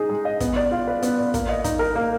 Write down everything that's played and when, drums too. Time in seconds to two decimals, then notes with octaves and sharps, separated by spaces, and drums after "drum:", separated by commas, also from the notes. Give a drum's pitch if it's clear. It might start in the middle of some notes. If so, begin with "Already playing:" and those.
Already playing: D#4 G#4
0.09 G#3
0.25 D#5
0.40 B3, drum: kick, hi-hat
0.56 D5
0.72 F4
0.87 B4
1.02 B3, drum: hi-hat
1.18 D5
1.34 A#3, drum: kick, hi-hat
1.49 D#5
1.64 D#4, drum: kick, hi-hat
1.79 A#4
1.96 A#3